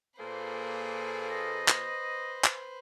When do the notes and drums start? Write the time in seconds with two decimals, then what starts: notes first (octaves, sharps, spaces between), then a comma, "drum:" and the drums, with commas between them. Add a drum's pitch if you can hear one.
0.20 A#2 A#3 G#4 A4 B4 C5
1.30 D#5
1.68 drum: clap
2.45 drum: clap